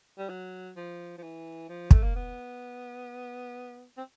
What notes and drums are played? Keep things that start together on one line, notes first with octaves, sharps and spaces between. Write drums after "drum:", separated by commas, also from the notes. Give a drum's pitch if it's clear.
G3
F#3
F3
F3
E3
F3
A3, drum: kick
A#3
B3
C4